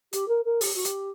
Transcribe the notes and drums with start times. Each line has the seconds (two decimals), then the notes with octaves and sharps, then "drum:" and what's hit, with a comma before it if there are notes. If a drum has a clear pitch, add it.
0.13 G4, drum: hi-hat
0.28 A#4
0.45 A#4
0.61 G4, drum: open hi-hat
0.74 F#4
0.85 G4, drum: hi-hat